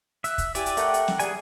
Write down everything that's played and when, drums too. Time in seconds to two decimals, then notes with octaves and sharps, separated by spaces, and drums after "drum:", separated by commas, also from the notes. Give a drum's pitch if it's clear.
0.24 E5 F#6, drum: hi-hat
0.38 drum: kick, hi-hat
0.55 E4 G4 D5 G#5, drum: hi-hat
0.66 drum: hi-hat
0.77 A3 A#4 F#5 G5, drum: hi-hat
0.94 drum: hi-hat
1.08 drum: snare
1.19 G3 G#4 G#5, drum: hi-hat